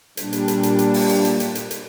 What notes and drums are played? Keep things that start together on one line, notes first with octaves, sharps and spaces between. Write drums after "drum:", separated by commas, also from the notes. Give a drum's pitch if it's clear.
A#2 G3 D4, drum: hi-hat
drum: hi-hat
drum: hi-hat
drum: hi-hat
drum: hi-hat
drum: open hi-hat
drum: hi-hat
drum: hi-hat
drum: hi-hat
drum: hi-hat
drum: hi-hat